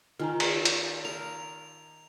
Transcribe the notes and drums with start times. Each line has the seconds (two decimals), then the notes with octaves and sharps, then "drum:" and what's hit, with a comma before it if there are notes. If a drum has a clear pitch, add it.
0.20 D#3 F4 G#5 A#5
0.40 drum: cymbal
0.65 drum: hi-hat
1.05 A#4 F7